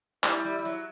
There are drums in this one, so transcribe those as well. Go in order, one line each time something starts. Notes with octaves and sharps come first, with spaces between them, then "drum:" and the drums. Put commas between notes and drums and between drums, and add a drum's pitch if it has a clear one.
G3 E4, drum: clap
G3
G3
F#3